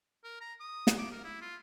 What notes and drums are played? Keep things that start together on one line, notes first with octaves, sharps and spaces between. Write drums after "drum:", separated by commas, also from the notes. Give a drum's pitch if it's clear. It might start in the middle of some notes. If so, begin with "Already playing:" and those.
A#4
A#5
D#6
drum: snare
D6
A#4
E4
F4